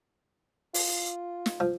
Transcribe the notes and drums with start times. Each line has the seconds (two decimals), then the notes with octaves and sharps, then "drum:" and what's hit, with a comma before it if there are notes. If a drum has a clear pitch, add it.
0.74 F4, drum: open hi-hat
1.46 drum: snare
1.60 F3